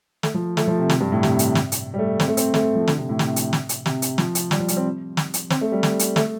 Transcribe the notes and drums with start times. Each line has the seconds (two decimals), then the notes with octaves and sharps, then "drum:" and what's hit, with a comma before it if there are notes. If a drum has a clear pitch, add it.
0.23 A3, drum: snare
0.34 F3
0.57 A3, drum: snare
0.68 F3
0.79 C3
0.90 C3, drum: snare
1.00 G2
1.12 A2
1.23 C3, drum: snare
1.39 drum: hi-hat
1.55 drum: snare
1.72 drum: hi-hat
1.94 G3
1.99 A3
2.20 C4, drum: snare
2.28 A3
2.37 C4, drum: hi-hat
2.54 A3, drum: snare
2.75 F3
2.87 D3, drum: snare
2.98 C3
3.09 A2
3.19 C3, drum: snare
3.36 drum: hi-hat
3.53 drum: snare
3.69 drum: hi-hat
3.86 C3, drum: snare
4.02 drum: hi-hat
4.18 F3, drum: snare
4.35 drum: hi-hat
4.51 G3, drum: snare
4.60 F3
4.68 G3, drum: hi-hat
4.77 C4
5.17 drum: snare
5.34 drum: hi-hat
5.50 C4, drum: snare
5.61 A3
5.72 G3
5.83 drum: snare
5.99 drum: hi-hat
6.16 A3, drum: snare